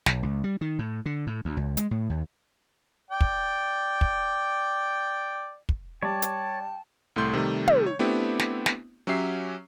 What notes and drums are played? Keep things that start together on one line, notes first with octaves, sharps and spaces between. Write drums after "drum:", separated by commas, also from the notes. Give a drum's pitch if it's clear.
B1, drum: snare
C#2
G3
D#3
A2
D3
A2
D2
C#2
G#3, drum: hi-hat
A2
D#2
D5 G5
drum: kick
drum: kick
drum: kick
G3 C#5 D5 G5 A5
drum: hi-hat
C2 A2 A3 C6 G6
C3 D#3 G3 A3
drum: tom
C#5
A3 B3 C4 D4 E4 G4
drum: snare
drum: snare
F#3 C#4 G4 E5 C7